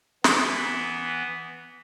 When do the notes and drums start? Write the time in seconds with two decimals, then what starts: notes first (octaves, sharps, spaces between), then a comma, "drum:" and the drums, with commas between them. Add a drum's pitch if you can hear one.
0.24 E3 B3, drum: snare